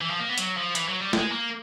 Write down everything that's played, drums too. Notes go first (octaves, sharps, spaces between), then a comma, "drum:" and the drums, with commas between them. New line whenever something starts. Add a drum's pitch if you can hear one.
E3
F3
A#3
B3
F#3, drum: hi-hat
F3
E3, drum: hi-hat
F#3
G3
G#3, drum: snare
A#3